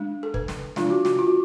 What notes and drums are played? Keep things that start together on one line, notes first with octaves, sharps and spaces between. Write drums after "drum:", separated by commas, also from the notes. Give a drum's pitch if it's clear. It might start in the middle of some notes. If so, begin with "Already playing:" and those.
Already playing: G#3 D4
A4
B4, drum: kick
drum: snare
F3 G#3 D4 F4, drum: snare
F#4
F#4, drum: snare
F4
F#4